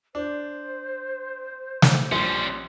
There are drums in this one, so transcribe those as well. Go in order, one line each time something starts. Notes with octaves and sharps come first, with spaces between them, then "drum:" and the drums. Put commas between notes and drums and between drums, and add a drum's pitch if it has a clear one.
D4 C5
drum: snare
A#1 G3 C#4 C6